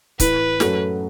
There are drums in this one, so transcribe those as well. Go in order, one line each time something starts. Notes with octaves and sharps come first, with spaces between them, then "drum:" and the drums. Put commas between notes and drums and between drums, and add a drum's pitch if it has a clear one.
A2 E3 A3 B4, drum: kick C#1, hi-hat
F#2 F#3 A3 F#4, drum: snare